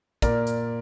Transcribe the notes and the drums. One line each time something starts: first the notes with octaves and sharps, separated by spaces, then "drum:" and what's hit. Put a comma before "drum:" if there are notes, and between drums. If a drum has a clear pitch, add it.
A#2 A#4 D5, drum: kick, hi-hat
drum: hi-hat